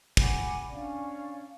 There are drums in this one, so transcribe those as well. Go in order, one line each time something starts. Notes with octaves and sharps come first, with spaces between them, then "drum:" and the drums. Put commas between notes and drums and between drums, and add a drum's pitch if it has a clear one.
F#5 G#5 B5 D6, drum: kick
C#4 D4 D5 F5